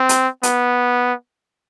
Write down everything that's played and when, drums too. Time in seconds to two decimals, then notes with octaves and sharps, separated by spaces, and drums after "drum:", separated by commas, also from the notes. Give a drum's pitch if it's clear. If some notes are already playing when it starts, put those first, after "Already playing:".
Already playing: C4
0.09 drum: hi-hat
0.43 B3, drum: hi-hat